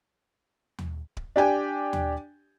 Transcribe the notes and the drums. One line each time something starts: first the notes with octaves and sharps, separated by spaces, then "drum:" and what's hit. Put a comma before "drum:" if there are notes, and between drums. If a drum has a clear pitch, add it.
drum: tom D#2
drum: kick D1
D4 G4 G5 G#5
drum: tom D#2